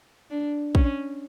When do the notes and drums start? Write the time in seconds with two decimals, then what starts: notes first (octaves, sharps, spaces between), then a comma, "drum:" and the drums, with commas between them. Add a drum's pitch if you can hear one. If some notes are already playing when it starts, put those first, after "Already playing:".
0.30 D4
0.75 C#4, drum: kick